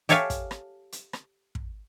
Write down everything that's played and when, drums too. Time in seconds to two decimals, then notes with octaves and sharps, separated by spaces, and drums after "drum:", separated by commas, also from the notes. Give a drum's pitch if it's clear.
0.09 G4 A4 C#5 E5 F5 G#5, drum: hi-hat
0.30 drum: kick, hi-hat
0.51 drum: rim click
0.92 drum: hi-hat
1.13 drum: rim click
1.55 drum: kick